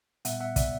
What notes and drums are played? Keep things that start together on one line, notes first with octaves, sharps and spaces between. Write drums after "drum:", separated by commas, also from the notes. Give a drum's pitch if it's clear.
A#2 G3 B3 E5 F#5, drum: hi-hat
E5 F#5
D5 E5, drum: kick, hi-hat